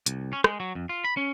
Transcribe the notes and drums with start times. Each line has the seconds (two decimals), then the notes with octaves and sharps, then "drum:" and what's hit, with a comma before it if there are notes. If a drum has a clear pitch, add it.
0.06 C2, drum: hi-hat
0.33 C#4
0.44 G#3, drum: rim click
0.60 F#3
0.75 F2
0.89 F4
1.04 B5
1.17 C#4